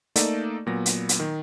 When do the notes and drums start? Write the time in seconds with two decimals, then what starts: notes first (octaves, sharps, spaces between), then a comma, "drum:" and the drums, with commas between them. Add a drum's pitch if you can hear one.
0.16 A3 A#3 D#4 A4 D5, drum: hi-hat
0.66 A#2 F#3 B3 A#6
0.86 drum: hi-hat
1.09 drum: hi-hat
1.20 D#3